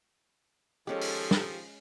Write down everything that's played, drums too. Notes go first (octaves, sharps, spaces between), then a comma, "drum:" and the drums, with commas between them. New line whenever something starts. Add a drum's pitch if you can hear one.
D#3 F3 G#3 C#4 G4 A4 C#5
drum: open hi-hat
drum: snare